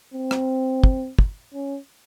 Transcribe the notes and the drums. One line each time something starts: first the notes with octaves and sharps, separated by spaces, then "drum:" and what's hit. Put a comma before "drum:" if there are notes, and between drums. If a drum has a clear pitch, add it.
C4
drum: rim click
drum: kick
drum: kick
C#4